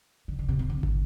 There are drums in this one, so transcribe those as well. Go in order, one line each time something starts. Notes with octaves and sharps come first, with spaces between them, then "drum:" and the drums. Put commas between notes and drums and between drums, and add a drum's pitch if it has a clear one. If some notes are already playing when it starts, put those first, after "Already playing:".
D3
D3
C3
C3
D3
drum: kick